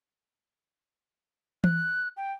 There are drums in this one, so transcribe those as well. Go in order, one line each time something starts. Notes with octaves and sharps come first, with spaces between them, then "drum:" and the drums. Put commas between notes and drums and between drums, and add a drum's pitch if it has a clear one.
F#6, drum: tom E3
G5